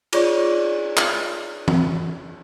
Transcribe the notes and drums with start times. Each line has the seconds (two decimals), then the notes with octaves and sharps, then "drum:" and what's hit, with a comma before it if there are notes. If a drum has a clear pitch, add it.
0.13 F4 G#4 C#5 D5 C#6, drum: cymbal
0.97 drum: clap
1.68 drum: tom E3